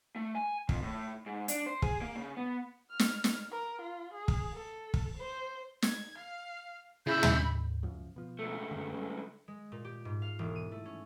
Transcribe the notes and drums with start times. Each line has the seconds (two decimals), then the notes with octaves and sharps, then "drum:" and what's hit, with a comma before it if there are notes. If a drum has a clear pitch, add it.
0.16 A3
0.35 G#5
0.69 F2, drum: kick
0.82 A2
1.26 G#2
1.48 D4, drum: hi-hat
1.66 C5
1.82 G#4, drum: kick
2.02 A#3
2.15 C#3
2.37 B3
2.90 F6
2.99 drum: snare
3.24 drum: snare
3.52 A#4
3.82 F4
4.14 G#4
4.28 drum: kick
4.53 A4
4.94 drum: kick
5.17 C5
5.82 G#6, drum: snare
6.17 F5
7.07 C#3 E4 G#4 E5 B5 G6
7.23 drum: tom
7.83 C#2 F#2 F3
8.16 B2 F3
8.39 C#2 A3
8.71 F#2 D3
8.93 F#3 G3 C#4
9.48 G#3
9.72 A#2
9.85 G4
10.05 G#2
10.22 F5
10.39 E1
10.55 D#7
10.71 A3
10.85 C#4